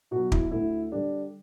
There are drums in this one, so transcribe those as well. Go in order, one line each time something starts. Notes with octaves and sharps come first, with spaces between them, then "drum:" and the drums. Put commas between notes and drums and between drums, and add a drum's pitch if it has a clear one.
B2 F#3 F#4
E4, drum: kick
D2 E4
D3 G3 D4